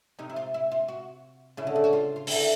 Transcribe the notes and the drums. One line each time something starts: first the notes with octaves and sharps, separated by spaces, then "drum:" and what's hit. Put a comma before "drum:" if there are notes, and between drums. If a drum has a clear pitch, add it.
C3 D#4
E4
F4
E4
F4
F#4
C#3 E4
D3
C#3
F#4
F4
F4
D3 E4, drum: open hi-hat